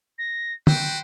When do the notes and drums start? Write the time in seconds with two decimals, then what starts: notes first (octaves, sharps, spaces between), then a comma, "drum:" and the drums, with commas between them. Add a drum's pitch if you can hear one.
0.18 A#6
0.67 F#4 B4 C5 G5, drum: tom